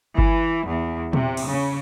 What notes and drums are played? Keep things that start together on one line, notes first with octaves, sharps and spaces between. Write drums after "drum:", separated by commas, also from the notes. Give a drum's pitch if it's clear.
E3, drum: kick G1
E2
C3, drum: tom A#2
drum: cymbal
C#3